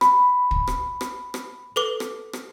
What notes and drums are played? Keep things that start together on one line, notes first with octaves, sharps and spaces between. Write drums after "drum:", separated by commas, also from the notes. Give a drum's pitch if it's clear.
B5, drum: rim click
drum: kick
drum: rim click
drum: rim click
drum: rim click
A4 B4 D6
drum: rim click
drum: rim click